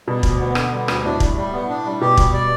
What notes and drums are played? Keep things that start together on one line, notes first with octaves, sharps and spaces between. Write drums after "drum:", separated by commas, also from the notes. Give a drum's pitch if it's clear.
B2 G3
D2, drum: kick
B3
D3, drum: rim click
G3
D2, drum: rim click
A2 D4
G3, drum: kick
G3
B3
D4
G3
B2 G4
G3, drum: kick
D5